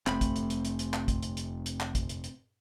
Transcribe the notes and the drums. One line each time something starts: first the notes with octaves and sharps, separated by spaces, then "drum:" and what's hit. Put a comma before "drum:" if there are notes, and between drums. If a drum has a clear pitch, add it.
F1 A3 C4 B5, drum: clap
drum: kick, hi-hat
drum: hi-hat
drum: hi-hat
drum: hi-hat
drum: hi-hat
drum: clap
drum: kick, hi-hat
drum: hi-hat
drum: hi-hat
drum: hi-hat
drum: clap
drum: kick, hi-hat
drum: hi-hat
drum: hi-hat